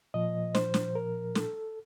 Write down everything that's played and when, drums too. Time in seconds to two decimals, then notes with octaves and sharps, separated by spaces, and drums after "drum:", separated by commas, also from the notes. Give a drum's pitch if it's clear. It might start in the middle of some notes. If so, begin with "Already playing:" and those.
0.14 A#2 F3 D#5
0.55 C5, drum: snare
0.74 drum: snare
0.95 A#4
1.35 A4, drum: snare